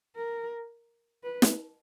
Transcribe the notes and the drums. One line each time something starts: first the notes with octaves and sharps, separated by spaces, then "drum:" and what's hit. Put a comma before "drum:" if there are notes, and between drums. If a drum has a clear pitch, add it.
A#4
B4
drum: snare